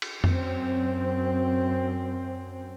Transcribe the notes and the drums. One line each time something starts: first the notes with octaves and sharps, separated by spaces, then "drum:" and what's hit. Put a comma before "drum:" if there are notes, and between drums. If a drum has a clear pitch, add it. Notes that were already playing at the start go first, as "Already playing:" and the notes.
drum: cymbal
F#2 C4, drum: tom F2